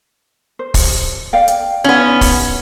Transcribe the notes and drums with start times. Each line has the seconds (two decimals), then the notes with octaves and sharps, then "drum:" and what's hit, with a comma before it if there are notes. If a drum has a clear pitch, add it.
0.59 C5
0.74 drum: kick, open hi-hat
1.33 D5 F5 G5
1.48 drum: hi-hat
1.84 B3 C#4 D#4 E4
2.21 drum: kick, open hi-hat